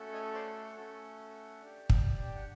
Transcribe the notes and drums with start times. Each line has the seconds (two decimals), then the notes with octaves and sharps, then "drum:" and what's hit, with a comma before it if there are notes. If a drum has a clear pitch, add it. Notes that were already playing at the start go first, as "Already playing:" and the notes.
Already playing: A3 C#4 F#4 A4
0.12 C#5 D#5
0.34 C5 D5
0.76 A3 C#4 F#4 A4
1.61 D4 G4
1.90 drum: kick
2.24 G5
2.35 F#5